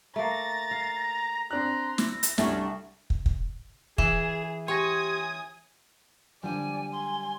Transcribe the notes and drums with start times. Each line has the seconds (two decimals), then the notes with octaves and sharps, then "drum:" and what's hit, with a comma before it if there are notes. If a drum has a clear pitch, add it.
0.16 A3 A#3 A#5 A6 A#6
0.71 F5
1.51 C4 D4 A#5 C6 F#6
1.98 E4 A#6, drum: snare
2.23 drum: hi-hat
2.38 C2 A3 C#4 D4 F#4, drum: snare
3.10 drum: kick
3.26 drum: kick
3.98 E3 G#4 E7, drum: kick
4.68 G4 C#5 G5 G#5 C6 D#6 A#6
6.43 D3 F3 G3 D4 D5 G#5
6.92 G#5 C6